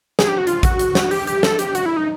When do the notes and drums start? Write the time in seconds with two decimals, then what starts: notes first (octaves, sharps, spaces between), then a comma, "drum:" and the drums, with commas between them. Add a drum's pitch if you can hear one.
0.19 G#4, drum: snare
0.28 G4
0.38 F#4
0.47 F4, drum: hi-hat
0.63 F#4, drum: kick A1, hi-hat
0.79 drum: hi-hat
0.95 drum: snare
1.11 G4, drum: open hi-hat
1.27 G4, drum: hi-hat
1.43 A4, drum: snare
1.59 G4, drum: hi-hat
1.75 F#4, drum: hi-hat
1.86 E4
1.96 D#4